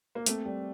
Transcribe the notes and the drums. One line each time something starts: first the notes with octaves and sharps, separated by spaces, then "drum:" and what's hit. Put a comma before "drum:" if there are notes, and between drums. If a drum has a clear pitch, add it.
A#3
A3 C4, drum: hi-hat
G3